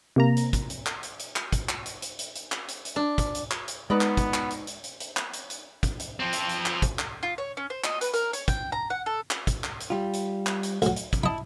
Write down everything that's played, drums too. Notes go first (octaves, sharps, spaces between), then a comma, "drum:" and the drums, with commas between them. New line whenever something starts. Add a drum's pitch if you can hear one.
C3 A#3 A#5
drum: hi-hat
drum: kick, hi-hat
drum: hi-hat
drum: clap
drum: hi-hat
drum: hi-hat
drum: clap
drum: kick, hi-hat
drum: clap
drum: hi-hat
drum: hi-hat
drum: hi-hat
drum: hi-hat
drum: clap
drum: hi-hat
drum: hi-hat
D4
drum: kick, hi-hat
drum: hi-hat
drum: clap
drum: hi-hat
G#3 B3 D#4 B4 D5
drum: clap
drum: kick, hi-hat
drum: clap
drum: hi-hat
drum: hi-hat
drum: hi-hat
drum: hi-hat
drum: clap
drum: hi-hat
drum: hi-hat
drum: kick, hi-hat
drum: hi-hat
F3 C4
drum: hi-hat
drum: hi-hat
drum: clap
drum: kick, hi-hat
drum: clap
F4
C#5
C#4
C5
D#5, drum: clap
B4, drum: hi-hat
A#4, drum: hi-hat
C#5, drum: hi-hat
G5, drum: kick, hi-hat
A#5
F#5
A4
drum: clap
drum: kick, hi-hat
drum: clap
drum: hi-hat
G3 F4
drum: hi-hat
drum: clap
drum: hi-hat
D2 F#3, drum: hi-hat
drum: hi-hat
drum: kick, hi-hat
E4 D#5 A5 B5